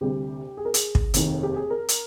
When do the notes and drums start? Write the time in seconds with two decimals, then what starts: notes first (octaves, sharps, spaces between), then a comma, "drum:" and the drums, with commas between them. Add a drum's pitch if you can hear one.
0.01 D2 C3 G3 G4
0.57 G#4
0.65 A#4
0.74 G#4, drum: hi-hat
0.95 drum: kick
1.14 F1 D#2 D#3, drum: hi-hat
1.43 G4
1.56 G#4
1.70 A#4
1.89 drum: hi-hat